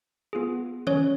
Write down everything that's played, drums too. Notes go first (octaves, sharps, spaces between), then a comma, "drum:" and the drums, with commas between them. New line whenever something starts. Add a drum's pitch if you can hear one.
B3 F4 G#4
C#4 C#5, drum: tom D#3